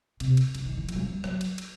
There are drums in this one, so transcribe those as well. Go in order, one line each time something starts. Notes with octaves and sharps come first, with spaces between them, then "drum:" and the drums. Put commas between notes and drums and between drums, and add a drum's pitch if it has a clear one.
C3, drum: cymbal
drum: cymbal
C#3, drum: cymbal
D#3
E3
F3, drum: cymbal
F#3
F3
F#3, drum: rim click
drum: cymbal
drum: cymbal